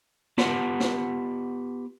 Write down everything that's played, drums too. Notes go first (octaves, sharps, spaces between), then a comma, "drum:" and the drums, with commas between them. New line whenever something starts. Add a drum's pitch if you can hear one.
B3 F4 G4 B4 F#5 A5, drum: snare
drum: snare